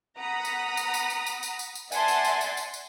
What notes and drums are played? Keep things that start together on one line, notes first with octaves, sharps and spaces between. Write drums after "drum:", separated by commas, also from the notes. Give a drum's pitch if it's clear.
F#5 A#5 B5 D#6
drum: tambourine
drum: tambourine
drum: tambourine
drum: tambourine
drum: tambourine
drum: tambourine
drum: tambourine
drum: tambourine
D5 E5 F#5 G#5 A5 C6, drum: tambourine
drum: tambourine
drum: tambourine
drum: tambourine
drum: tambourine
drum: tambourine